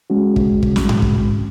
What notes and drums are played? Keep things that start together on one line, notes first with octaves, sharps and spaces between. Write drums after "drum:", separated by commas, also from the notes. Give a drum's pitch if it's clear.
G#3 C#4 F#4
drum: kick
drum: kick
drum: snare
drum: tom G#2
drum: kick